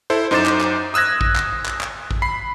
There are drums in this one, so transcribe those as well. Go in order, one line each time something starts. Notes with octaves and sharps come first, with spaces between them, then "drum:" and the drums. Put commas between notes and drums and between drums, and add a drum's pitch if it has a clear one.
E4 A4 C5
F#2 D#4 C5 D6 A6 E7
drum: clap
drum: clap
D#6 E6 F#6 G#6 A#6
drum: kick A1
drum: clap
drum: clap
drum: clap
drum: kick A1
B5 C7